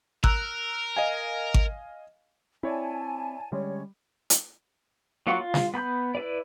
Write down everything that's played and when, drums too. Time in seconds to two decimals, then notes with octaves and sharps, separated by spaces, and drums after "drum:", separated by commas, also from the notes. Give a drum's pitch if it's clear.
0.24 A#4 A#5 E6 F#6, drum: kick G#1
0.97 D#5 F5 G#5
1.54 drum: kick G#1
2.63 C4 E4 C#5 D5 G#5 A5
3.52 D3 G3 G#3 C#4 C#5
4.30 drum: hi-hat
5.27 F#3 A#3 F4 C#5 F#5
5.39 F4
5.54 drum: snare
5.74 B3 B5 G6
6.15 E4 B4 D5